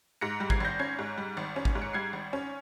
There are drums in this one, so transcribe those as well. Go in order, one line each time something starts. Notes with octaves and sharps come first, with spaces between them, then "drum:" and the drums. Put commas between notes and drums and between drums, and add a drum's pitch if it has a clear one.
G#2 A#6 C#7
G3
G#6 C7, drum: kick G#1
G#1 G6 A#6
C#4 G#6 C7
G#2
G3
G#1
C#4
drum: kick G#1
G#2
C#7
G3 G#6 C7
G#1
C#4